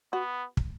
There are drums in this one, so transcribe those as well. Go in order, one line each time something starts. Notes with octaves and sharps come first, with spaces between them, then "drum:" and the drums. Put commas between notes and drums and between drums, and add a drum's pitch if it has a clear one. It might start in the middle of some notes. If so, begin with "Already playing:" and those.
B3 F#4
drum: kick